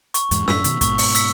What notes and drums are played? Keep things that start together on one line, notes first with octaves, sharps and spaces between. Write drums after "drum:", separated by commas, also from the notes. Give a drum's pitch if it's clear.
C#6, drum: hi-hat
E2 G#2, drum: hi-hat
F#2 A2 E6 B6, drum: snare
B2 D#3, drum: hi-hat
G#2 B2 C#6, drum: kick, hi-hat
drum: open hi-hat
E6 B6, drum: hi-hat